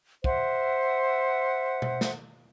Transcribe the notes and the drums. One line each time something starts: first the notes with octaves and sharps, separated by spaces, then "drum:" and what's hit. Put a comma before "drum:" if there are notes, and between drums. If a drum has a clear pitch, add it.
C5 E5 F#5, drum: kick
drum: tom B2
drum: snare